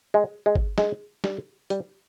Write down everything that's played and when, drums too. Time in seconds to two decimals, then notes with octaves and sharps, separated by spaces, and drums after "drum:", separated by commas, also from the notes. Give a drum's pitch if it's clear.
0.14 G#3
0.46 G#3
0.56 drum: kick G1
0.78 G#3, drum: snare
1.24 G3, drum: snare
1.70 G3, drum: hi-hat